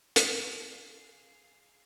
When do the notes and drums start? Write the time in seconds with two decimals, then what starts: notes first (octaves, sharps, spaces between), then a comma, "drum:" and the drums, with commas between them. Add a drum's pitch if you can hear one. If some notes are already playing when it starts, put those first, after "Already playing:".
0.16 G#4 F5, drum: hi-hat